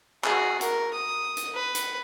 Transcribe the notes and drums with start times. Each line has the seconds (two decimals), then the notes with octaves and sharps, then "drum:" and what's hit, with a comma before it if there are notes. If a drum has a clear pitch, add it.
0.24 F#4 G#4, drum: clap
0.61 A#4, drum: hi-hat
0.94 D#6
1.37 drum: hi-hat
1.55 B4
1.75 drum: hi-hat